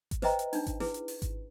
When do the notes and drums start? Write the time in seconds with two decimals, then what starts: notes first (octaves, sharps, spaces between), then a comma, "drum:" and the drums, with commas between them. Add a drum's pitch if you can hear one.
0.11 drum: kick G#1, hi-hat
0.22 B4 C5 D#5 E5 G5 A#5, drum: snare
0.39 drum: hi-hat
0.53 D4 D#4, drum: open hi-hat
0.67 drum: kick G#1, hi-hat
0.80 E4 G#4 B4, drum: snare
0.94 drum: hi-hat
1.08 drum: open hi-hat
1.22 drum: kick G#1, hi-hat